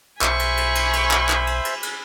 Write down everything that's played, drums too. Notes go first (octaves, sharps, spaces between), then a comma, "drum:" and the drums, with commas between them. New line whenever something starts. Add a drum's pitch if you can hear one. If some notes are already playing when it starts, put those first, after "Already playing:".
B1 C5 E5 G#5 B5 C#6, drum: clap
drum: cymbal
drum: cymbal
drum: cymbal
drum: cymbal
drum: clap
drum: clap
drum: cymbal
drum: cymbal
drum: cymbal